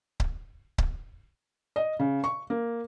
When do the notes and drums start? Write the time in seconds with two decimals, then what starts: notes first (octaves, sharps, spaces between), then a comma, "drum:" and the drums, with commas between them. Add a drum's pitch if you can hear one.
0.20 drum: kick C#1
0.78 drum: kick C#1
1.76 D#5
1.99 C#3
2.24 C#6
2.50 A#3